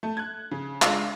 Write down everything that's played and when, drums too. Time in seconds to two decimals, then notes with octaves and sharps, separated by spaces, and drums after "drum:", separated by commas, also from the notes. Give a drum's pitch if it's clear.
0.03 A3 A5
0.17 F#6 G#6
0.51 C#3
0.82 G#3 D4 F4 F5, drum: clap